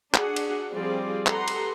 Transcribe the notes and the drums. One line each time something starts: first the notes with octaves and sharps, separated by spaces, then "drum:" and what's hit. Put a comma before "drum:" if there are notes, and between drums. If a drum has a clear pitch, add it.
D4 F#4 G#4 F#5, drum: clap
drum: cymbal
F3 G3 C4 F4 G#4 D5
G4 A4 B4 F#5 A#5 C6, drum: clap
drum: cymbal